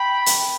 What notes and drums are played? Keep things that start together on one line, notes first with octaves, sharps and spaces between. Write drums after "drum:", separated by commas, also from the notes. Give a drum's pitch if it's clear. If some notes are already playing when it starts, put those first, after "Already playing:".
Already playing: G5 B5
drum: hi-hat